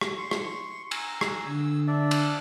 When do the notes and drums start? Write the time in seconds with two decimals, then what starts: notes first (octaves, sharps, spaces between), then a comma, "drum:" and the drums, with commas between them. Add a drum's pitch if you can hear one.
0.01 drum: rim click
0.18 C6 C#6
0.31 drum: rim click
0.91 G#5 A#5 E6, drum: cymbal
1.21 drum: rim click
1.47 D3 E6
1.88 D4 D5 E5
2.11 drum: cymbal